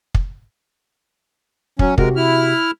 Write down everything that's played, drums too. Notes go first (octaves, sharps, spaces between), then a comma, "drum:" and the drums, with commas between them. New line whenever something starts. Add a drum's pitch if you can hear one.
drum: kick
F#3 C#4, drum: kick
C3 G#3 F#4 G4 A#4, drum: kick
E4 F6